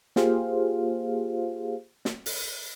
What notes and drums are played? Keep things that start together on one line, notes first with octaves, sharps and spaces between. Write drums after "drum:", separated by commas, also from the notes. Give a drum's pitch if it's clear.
A#3 F4 G4 G#4 C5 F5, drum: snare
drum: snare
drum: open hi-hat